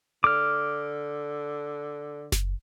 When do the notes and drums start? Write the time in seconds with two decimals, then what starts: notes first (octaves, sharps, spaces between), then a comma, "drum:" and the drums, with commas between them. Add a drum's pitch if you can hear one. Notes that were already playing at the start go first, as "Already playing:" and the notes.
0.24 D3 D6 F6
2.32 drum: snare F#1